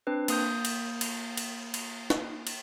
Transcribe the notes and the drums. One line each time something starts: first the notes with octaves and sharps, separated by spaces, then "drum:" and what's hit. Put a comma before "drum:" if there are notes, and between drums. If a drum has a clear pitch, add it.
C4 D4 B4
A#3 D#6 G6, drum: cymbal
drum: cymbal
drum: cymbal
drum: cymbal
drum: cymbal
drum: snare
drum: cymbal